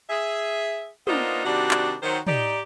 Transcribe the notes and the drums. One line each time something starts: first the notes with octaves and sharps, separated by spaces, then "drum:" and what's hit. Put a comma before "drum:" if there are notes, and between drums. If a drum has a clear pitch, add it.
G#4 E5
A#3 B3 D4 D#4 F4 C5, drum: tom
C3 D#3 G3 D4 F#4
drum: clap
D#3 F#3 C5
D#4 G4 D5, drum: tom